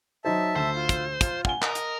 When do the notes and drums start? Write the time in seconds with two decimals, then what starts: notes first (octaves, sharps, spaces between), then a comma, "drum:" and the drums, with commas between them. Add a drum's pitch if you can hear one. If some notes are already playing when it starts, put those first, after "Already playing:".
0.25 F#3 D#4 C5 E5 A5
0.56 D2 C5 E6
0.75 F4
0.89 drum: kick, hi-hat
1.21 F4, drum: kick, hi-hat
1.45 F#5 G#5 G7, drum: kick
1.62 A#4 D#5, drum: clap
1.75 drum: hi-hat